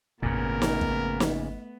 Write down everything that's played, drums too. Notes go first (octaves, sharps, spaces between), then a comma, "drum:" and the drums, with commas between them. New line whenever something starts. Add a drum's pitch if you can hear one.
G#1 F2 A#2 C#3 A3 B3 A#4
drum: snare
drum: kick
drum: snare